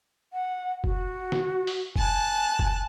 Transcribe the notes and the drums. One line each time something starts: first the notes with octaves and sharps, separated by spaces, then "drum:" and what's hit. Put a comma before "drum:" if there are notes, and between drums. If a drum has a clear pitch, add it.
F#5
F#4, drum: kick F1
drum: snare
drum: open hi-hat
G#5 A5 F#6, drum: kick F1
drum: kick F1